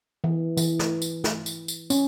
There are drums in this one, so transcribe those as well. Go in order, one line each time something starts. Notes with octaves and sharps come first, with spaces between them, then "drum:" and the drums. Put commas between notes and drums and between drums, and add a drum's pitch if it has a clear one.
E3
E3, drum: tambourine
drum: snare
drum: tambourine
drum: snare
drum: tambourine
drum: tambourine
C#4, drum: tambourine